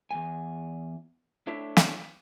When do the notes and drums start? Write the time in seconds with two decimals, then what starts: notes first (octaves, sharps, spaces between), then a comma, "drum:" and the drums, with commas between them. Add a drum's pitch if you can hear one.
0.11 E2 G2 G#5
1.47 A3 D4 E4 C#5
1.77 drum: snare